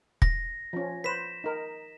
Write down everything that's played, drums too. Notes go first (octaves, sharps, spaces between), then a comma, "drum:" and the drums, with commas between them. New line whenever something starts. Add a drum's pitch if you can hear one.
A#6, drum: kick
F3 C#4
B4 C5 B6 E7
D#4 A#4